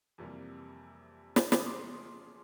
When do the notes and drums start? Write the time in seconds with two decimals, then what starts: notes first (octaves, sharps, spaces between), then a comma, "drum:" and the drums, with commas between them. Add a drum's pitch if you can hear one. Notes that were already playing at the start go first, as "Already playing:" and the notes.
0.18 F2 C3 E3 G3 A#3
1.36 drum: snare
1.52 C#3 F3 G#3 C#4 D6, drum: snare
1.59 D#6
1.66 C6 D6